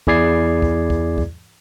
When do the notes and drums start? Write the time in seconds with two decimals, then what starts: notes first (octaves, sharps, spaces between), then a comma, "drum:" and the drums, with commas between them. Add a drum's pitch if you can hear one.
0.07 E2 E4 G#4 D5 G#6 C7, drum: kick
0.62 drum: kick
0.90 drum: kick
1.18 drum: kick